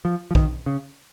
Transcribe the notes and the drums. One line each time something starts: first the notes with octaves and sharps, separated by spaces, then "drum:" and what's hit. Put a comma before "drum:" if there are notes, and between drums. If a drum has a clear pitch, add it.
F3
F3
D#3, drum: kick
C#3